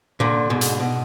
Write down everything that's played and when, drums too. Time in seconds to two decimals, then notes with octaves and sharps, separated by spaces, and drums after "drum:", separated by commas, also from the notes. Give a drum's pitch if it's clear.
0.20 A#2 D3
0.50 G#2 B2
0.61 drum: hi-hat
0.80 B2